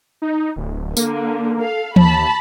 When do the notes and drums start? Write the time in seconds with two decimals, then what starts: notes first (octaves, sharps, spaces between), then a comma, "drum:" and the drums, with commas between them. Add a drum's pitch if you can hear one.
0.22 D#4
0.56 D1
0.97 D3 A#3, drum: tambourine
1.62 A4 F5
1.96 D#2 A5 B5, drum: tom E3